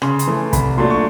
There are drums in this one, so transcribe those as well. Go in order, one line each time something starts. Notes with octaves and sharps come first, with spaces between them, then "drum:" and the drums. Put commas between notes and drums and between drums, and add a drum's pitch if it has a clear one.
C#3 C6, drum: rim click
C6, drum: hi-hat
E3 A3
C2 B5, drum: kick, hi-hat
A#2 F#3 A3 D4 C6
C#6